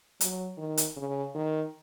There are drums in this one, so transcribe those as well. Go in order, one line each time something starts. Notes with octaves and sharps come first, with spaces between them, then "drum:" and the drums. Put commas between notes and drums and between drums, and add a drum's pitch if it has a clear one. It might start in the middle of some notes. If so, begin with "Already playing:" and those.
F#3, drum: hi-hat
D#3
drum: hi-hat
C#3
D#3